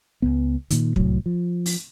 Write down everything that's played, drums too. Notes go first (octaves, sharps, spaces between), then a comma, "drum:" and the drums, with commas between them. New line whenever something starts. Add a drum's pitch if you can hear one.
C#2 F#2 B3
A#2 D#3, drum: hi-hat
C2 A2 F#3, drum: kick
F3
drum: open hi-hat